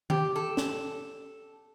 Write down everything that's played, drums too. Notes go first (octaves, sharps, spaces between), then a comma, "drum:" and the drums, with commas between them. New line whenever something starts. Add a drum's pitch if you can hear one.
G4, drum: tom D#3
A4
drum: snare